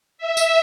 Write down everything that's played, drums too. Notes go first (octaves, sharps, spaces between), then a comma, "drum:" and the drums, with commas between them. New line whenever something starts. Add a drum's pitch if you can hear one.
E5
drum: tambourine